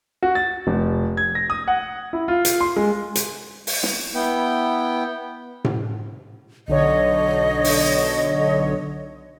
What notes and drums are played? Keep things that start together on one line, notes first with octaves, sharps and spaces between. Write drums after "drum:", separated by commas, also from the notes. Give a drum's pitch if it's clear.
F#4
A6
F1
G#6
A#6
D#6
F#5
E4
F4
drum: hi-hat
C6
G#3
drum: hi-hat
drum: open hi-hat
drum: snare
B3 E4 G5
drum: tom A2
B1 D3 C#5 D#5
drum: open hi-hat